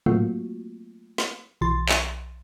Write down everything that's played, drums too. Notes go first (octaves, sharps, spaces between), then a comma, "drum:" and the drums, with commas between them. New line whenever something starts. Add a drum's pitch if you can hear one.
F#3 A3 A#3 C4 F4 F#4, drum: tom
drum: snare
B1 E3 C6 A6
drum: clap